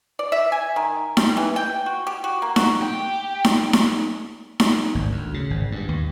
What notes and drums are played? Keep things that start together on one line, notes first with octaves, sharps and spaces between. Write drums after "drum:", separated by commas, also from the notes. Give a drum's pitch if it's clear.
D5
E5
G#5
D#3
G3, drum: snare D#4
E3
G5
F#4
G4
F#4
A#3
F#4, drum: snare D#4
G4
drum: snare D#4
drum: snare D#4
drum: snare D#4
G#1
D2
C#3
G#1
G2
D#2